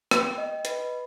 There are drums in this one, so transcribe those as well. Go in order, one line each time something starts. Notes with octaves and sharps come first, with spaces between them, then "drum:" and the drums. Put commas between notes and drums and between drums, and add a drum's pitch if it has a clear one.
G5, drum: rim click
D#5
B4, drum: hi-hat